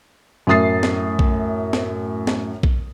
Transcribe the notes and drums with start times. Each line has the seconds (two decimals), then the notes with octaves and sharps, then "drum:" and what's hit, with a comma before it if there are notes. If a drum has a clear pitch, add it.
0.47 F#2 A2 E5 D#6 A6 C7
0.83 drum: snare
1.19 drum: kick
1.73 drum: snare
2.27 drum: snare
2.63 drum: kick